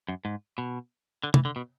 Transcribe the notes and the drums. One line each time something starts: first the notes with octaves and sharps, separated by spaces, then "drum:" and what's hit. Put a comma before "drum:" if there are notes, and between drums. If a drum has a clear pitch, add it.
F#2
G#2
B2
D3
E3, drum: tom
D3
B2